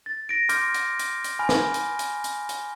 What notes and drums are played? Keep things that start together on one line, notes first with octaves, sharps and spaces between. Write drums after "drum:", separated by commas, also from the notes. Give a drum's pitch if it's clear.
A6
A#6 D7
C6 D6 F6 G6, drum: hi-hat
drum: hi-hat
drum: hi-hat
drum: hi-hat
G#5 B5 F6
drum: snare
drum: hi-hat
drum: hi-hat
drum: hi-hat
drum: hi-hat